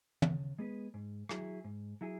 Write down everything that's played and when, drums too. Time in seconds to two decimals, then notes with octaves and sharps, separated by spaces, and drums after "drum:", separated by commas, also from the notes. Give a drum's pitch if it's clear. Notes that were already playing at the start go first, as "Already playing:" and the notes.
0.22 C#3, drum: tom
0.59 G#3 B3 G#4 B4
0.94 G#2
1.29 F#3 E4 G#4, drum: rim click
1.64 G#2
2.01 F#3 E4 G#4